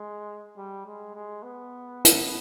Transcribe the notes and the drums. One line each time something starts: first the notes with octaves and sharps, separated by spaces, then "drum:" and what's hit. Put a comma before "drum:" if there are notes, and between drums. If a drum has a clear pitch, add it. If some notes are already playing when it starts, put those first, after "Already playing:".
Already playing: G#3
G3
G#3
G#3
B3
drum: hi-hat